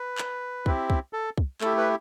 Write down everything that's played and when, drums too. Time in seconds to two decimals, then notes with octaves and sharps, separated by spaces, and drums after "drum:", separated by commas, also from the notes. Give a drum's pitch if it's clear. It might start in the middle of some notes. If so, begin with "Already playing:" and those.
Already playing: B4
0.18 drum: clap
0.66 C4 E4 G4, drum: kick
0.90 drum: kick
1.13 A4
1.38 drum: kick
1.61 A3 E4 G4 A4, drum: clap
1.78 B4